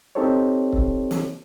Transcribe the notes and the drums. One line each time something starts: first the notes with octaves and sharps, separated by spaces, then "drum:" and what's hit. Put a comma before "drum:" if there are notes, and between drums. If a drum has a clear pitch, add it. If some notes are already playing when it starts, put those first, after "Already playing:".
C4 D#4 G4 A4 C5 C#5
drum: kick
drum: snare